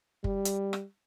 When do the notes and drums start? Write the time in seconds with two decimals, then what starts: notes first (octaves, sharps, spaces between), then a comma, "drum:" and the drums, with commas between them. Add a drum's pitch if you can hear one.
0.24 G3, drum: kick
0.45 drum: hi-hat
0.73 drum: rim click